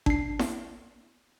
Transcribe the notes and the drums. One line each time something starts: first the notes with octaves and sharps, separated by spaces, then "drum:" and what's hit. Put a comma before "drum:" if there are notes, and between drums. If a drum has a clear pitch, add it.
D4 C7, drum: kick G#1
drum: snare E4